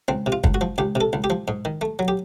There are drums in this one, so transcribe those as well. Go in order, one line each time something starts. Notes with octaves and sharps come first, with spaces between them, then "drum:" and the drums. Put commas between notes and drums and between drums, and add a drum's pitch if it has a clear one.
C#2 C4
C3
F4
C#2, drum: kick
F#4
F3
C#2 G4
C3
A4
C#2
G4
F3
G#2
D#3
A3
F#3
G4